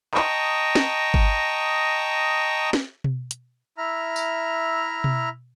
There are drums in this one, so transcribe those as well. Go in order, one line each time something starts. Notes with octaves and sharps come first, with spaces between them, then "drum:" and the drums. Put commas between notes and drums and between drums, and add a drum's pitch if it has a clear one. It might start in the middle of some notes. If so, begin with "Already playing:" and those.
D#5 G5 A5 A#5 C#6 D#6, drum: clap
drum: snare
drum: kick G1
drum: snare
drum: tom B2
drum: hi-hat
E4 E5 A#5 F6
drum: tambourine
drum: tom B2